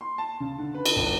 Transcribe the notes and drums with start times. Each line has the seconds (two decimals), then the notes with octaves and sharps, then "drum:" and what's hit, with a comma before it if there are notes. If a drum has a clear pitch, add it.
0.01 C6
0.18 A5
0.40 C#3
0.58 D3
0.74 B4
0.86 drum: cymbal
0.96 G#1